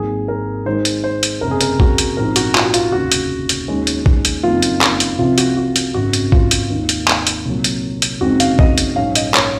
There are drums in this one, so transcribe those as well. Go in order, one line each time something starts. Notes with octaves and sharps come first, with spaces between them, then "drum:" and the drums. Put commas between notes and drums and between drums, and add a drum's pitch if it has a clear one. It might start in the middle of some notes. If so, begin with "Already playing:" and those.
Already playing: G#1 G#2 F#3 A#3 G#4
A#4
G#2 D#3 G#3 C5
drum: hi-hat
C5
drum: hi-hat
F#1 F2 C3 A#4
G#4
A#4, drum: hi-hat
F#4, drum: kick A1
drum: hi-hat
A#1 G#2 F3 C4 A#4
F#4, drum: hi-hat
F4, drum: clap
F#4
F4, drum: hi-hat
F1 D#2 C#3 F#4
drum: hi-hat
drum: hi-hat
D#2 D#3 G#3 C#4
drum: hi-hat
drum: kick A1
drum: hi-hat
F#1 F2 D#3 F#3 A#3 F4
drum: hi-hat
drum: clap
drum: hi-hat
C2 C3 F3 F4
F#4, drum: hi-hat
F#4
drum: hi-hat
G#1 F#2 C#3 F#4
drum: hi-hat
F4, drum: kick A1
drum: hi-hat
D#2 D#3 A#3
drum: hi-hat
drum: clap
drum: hi-hat
C2 A#2 F#3
drum: hi-hat
drum: hi-hat
F#1 F2 D#3 G#3 C4 F#4
F5, drum: hi-hat
D#5, drum: kick A1
drum: hi-hat
A#1 G#2 F#3 C#4 F5
D#5, drum: hi-hat
C#5, drum: clap